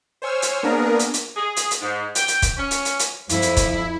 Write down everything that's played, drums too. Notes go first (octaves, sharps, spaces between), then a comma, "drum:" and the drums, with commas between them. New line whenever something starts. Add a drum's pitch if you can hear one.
C5 C#5 G#5 E6 F6
drum: hi-hat
A#3 B3 D4 G#4 A#4
drum: hi-hat
drum: hi-hat
G#4
drum: hi-hat
drum: hi-hat
G#2
G5, drum: hi-hat
drum: hi-hat
drum: kick, hi-hat
C#4
drum: hi-hat
drum: hi-hat
drum: hi-hat
F2 E4, drum: hi-hat
drum: hi-hat
drum: kick, hi-hat